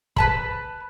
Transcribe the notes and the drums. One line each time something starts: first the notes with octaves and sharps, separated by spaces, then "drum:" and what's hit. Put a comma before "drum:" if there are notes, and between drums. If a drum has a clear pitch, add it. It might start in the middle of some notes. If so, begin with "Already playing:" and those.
B4 A5 B5, drum: kick